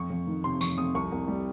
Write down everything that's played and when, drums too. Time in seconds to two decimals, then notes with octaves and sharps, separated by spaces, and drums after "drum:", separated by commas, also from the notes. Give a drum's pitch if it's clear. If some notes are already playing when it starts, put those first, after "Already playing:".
Already playing: F2 C#6
0.10 F2
0.27 D#3
0.44 C3 C6
0.61 F2 C#6, drum: tambourine
0.78 F2 D#6
0.94 C2 C#6
1.12 C2
1.28 G3